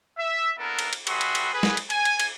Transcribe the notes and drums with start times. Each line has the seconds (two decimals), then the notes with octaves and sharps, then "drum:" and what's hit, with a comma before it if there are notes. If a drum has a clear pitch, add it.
0.18 E5
0.58 A#3 B3 D4 E4 A4 A#4
0.79 drum: cymbal
0.93 drum: cymbal
1.07 G3 F#4 G#4 B4 E5 C6, drum: cymbal
1.21 drum: cymbal
1.35 drum: cymbal
1.52 G#4 B4
1.63 drum: snare
1.77 drum: cymbal
1.90 G#5, drum: cymbal
2.05 drum: cymbal
2.20 drum: cymbal